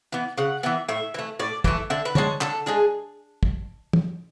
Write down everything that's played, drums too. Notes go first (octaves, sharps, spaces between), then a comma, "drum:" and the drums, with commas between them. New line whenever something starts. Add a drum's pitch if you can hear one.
E3 B3
C#3 F#5
E3 B3 E5
A2 E5
E3 A3
A2 D5
E3 A3 E5, drum: kick
D3 E5
B4
G#3 D4 C#5, drum: tom
D3 A4, drum: clap
G#3 D4 G#4
drum: kick
drum: tom